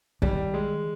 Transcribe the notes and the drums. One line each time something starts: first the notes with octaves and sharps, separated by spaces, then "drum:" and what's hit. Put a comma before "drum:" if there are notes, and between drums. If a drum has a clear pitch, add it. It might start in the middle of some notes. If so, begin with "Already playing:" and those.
D#3 G3, drum: kick
G#3